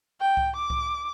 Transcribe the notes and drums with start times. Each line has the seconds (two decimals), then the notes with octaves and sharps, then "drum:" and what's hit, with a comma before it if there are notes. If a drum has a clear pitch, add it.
0.21 G5
0.37 drum: kick C2
0.55 D6
0.70 drum: kick C2